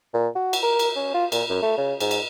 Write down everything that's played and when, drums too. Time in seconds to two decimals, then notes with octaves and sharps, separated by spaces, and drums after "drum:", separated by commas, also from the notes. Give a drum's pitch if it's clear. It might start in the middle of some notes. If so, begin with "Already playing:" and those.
0.14 A#2
0.35 F#4
0.53 drum: cymbal
0.63 A#4
0.79 drum: cymbal
0.96 C#4
1.14 F4
1.32 A#2, drum: cymbal
1.49 F#2
1.62 A3
1.77 C#3
2.00 G#2, drum: cymbal
2.11 drum: cymbal